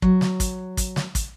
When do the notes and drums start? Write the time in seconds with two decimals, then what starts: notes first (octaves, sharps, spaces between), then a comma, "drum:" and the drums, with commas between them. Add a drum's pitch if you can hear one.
0.02 F#3, drum: kick
0.21 drum: snare
0.40 drum: kick, hi-hat
0.77 drum: kick, hi-hat
0.96 drum: snare
1.15 drum: kick, hi-hat